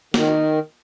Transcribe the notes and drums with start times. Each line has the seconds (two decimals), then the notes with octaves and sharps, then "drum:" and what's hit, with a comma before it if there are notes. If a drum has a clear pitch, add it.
0.14 D#3, drum: snare